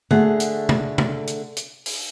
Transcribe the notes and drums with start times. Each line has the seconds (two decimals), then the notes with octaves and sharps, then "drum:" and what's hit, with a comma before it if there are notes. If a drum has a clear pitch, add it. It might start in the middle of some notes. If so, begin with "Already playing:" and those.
0.11 D3 A3 G#4 F#5, drum: tom D3
0.40 drum: hi-hat
0.69 drum: tom C3
0.98 drum: tom C3
1.27 drum: hi-hat
1.57 drum: hi-hat
1.86 drum: open hi-hat